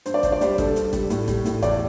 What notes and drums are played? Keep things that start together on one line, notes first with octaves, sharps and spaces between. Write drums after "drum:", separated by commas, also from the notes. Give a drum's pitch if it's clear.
G2 C5, drum: hi-hat
D5
G2 C5, drum: kick A1, hi-hat
D5
G3 C5, drum: hi-hat
G2 A4, drum: kick A1, hi-hat
G2, drum: hi-hat
G3, drum: kick A1, hi-hat
A2, drum: hi-hat
G3, drum: kick A1, hi-hat
A2, drum: hi-hat
E2 D5, drum: kick A1, hi-hat